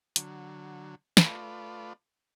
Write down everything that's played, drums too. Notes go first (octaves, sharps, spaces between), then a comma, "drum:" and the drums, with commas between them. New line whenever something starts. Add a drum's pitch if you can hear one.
D3 F#3, drum: hi-hat
A3 F4 B4 D5, drum: snare